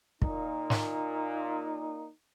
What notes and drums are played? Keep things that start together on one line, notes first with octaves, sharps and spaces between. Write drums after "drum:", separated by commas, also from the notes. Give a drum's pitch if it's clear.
A#2 D#4, drum: kick
drum: snare